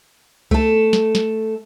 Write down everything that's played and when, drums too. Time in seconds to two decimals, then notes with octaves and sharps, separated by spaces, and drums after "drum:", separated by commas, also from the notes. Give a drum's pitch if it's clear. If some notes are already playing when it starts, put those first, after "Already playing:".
0.51 A3 A4, drum: kick C2
0.93 drum: snare
1.15 drum: snare